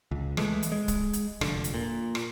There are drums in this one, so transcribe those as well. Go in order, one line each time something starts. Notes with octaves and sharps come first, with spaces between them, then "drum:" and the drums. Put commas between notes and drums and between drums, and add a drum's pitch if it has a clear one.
C#2
E3 G#3 A3, drum: rim click
drum: hi-hat
G#3
drum: kick, hi-hat
drum: hi-hat
F1 D3, drum: rim click
drum: hi-hat
A#2
drum: rim click